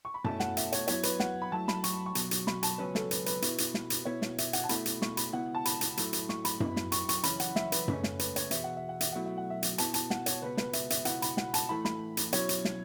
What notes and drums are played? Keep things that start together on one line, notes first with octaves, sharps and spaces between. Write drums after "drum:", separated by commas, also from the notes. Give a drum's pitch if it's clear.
C#6
B5
B2 A3 C#4 E4 A5, drum: tom F#2
F#5, drum: snare
E5, drum: hi-hat
C#5, drum: hi-hat
F#2 F#3 B3 E4 C#5, drum: hi-hat
B4, drum: hi-hat
F#5, drum: snare
B5
F#2 F#3 A3 E4 A5
B5, drum: snare
C#6, drum: hi-hat
C#6
B1 B2 F#3, drum: hi-hat
drum: hi-hat
B5, drum: snare
A5, drum: hi-hat
C#2 B2 F#3 C#4 B4
A4, drum: snare
B4, drum: hi-hat
B4, drum: hi-hat
B2 B3 E4, drum: hi-hat
drum: hi-hat
drum: snare
drum: hi-hat
B2 B3 E4 C#5
drum: snare
E5, drum: hi-hat
F#5, drum: hi-hat
A5
B2 A3 E4 B5, drum: hi-hat
drum: hi-hat
C#6, drum: snare
B5, drum: hi-hat
C#2 B2 B3 E4 F#5
A5
B5, drum: hi-hat
drum: hi-hat
A2 F#3 A3 E4, drum: hi-hat
drum: hi-hat
C#6, drum: snare
B5, drum: hi-hat
B1 B2 B3 E4, drum: tom F#2
drum: snare
C#6, drum: hi-hat
C#6, drum: hi-hat
F#2 C#3 E3 C#4 B5, drum: hi-hat
F#5, drum: hi-hat
E5, drum: snare
B4, drum: hi-hat
C#2 C#3 A3 C#4, drum: tom F#2
drum: snare
B4, drum: hi-hat
C#5, drum: hi-hat
E2 B2 B3 E5, drum: hi-hat
F#5
E5
F#5
E5, drum: hi-hat
B2 F#3 A3 E4 F#5
E5
F#5
E5
drum: hi-hat
B2 B3 E4 A5, drum: hi-hat
A5, drum: hi-hat
F#5, drum: snare
C#5, drum: hi-hat
C#2 B2 B3 B4
B4, drum: snare
E5, drum: hi-hat
E5, drum: hi-hat
C#2 B2 B3 E4 F#5, drum: hi-hat
B5, drum: hi-hat
F#5, drum: snare
A5, drum: hi-hat
A2 E3 A3 E4 B5
B5, drum: snare
drum: hi-hat
B2 F#3 C#4 E4 C#5, drum: hi-hat
drum: hi-hat
drum: snare